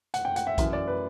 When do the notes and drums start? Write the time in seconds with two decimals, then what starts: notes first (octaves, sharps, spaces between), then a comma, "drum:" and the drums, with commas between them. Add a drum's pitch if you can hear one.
0.14 F#5, drum: hi-hat
0.25 G5
0.36 F#5, drum: hi-hat
0.47 E5
0.58 F#2 E3 E5, drum: kick A#1, hi-hat
0.73 D5
0.88 B4